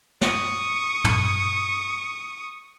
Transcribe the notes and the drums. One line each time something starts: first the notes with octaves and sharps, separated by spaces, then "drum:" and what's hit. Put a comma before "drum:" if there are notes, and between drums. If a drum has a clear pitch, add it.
C#6 D#6, drum: snare
drum: tom